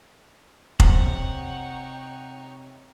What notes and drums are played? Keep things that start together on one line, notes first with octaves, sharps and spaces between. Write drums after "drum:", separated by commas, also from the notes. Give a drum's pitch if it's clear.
C3 D#4 C5 C#5 F#5 G5, drum: kick F1